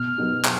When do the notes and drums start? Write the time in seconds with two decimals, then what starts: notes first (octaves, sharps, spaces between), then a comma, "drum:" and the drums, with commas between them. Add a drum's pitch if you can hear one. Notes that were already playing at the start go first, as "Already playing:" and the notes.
Already playing: B2 F6
0.18 F#3 B3 D#4 G4
0.45 drum: clap